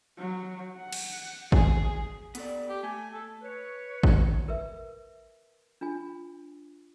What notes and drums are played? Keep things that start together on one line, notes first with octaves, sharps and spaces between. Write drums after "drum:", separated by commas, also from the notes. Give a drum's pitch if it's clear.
F#3
F#5
drum: cymbal
G#4, drum: kick G#1
B3 A4 D5, drum: hi-hat
G4
A3 G#5
A4
B4 C#5
drum: kick G#1
A#4 B4 E5
D4 F4 G#5